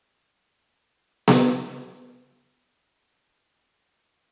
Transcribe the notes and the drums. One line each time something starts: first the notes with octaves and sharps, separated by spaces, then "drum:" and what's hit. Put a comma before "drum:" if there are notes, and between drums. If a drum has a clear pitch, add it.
F#6
G#5 A5 C6 C7
A5 F6 G6 A#6
C6 F6 G6 G#6 A#6 C7
drum: snare B3
C#4
F3 F5 A5
A2
G3 C#4 G5
G3 C#5